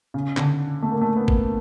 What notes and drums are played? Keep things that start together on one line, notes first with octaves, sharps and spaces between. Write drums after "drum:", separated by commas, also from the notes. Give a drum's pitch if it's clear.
C#3
D3, drum: clap
A3
A#3
A3
B3
drum: kick G1